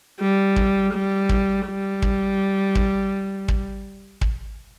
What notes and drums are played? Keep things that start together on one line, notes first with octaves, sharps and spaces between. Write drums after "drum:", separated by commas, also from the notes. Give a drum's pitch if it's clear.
G3
drum: kick
G3
drum: kick
G3
drum: kick
drum: kick
drum: kick
drum: kick